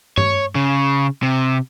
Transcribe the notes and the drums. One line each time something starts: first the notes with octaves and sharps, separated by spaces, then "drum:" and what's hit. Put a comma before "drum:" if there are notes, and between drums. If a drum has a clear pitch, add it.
C#5, drum: tom G2
C#3
C3